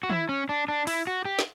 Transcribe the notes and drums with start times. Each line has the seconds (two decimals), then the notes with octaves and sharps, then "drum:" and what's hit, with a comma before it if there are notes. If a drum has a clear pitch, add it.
0.03 F#4
0.10 E4, drum: tom D#3
0.29 C#4
0.49 D4
0.68 D4
0.87 E4, drum: open hi-hat
1.07 F#4
1.25 G4
1.39 drum: snare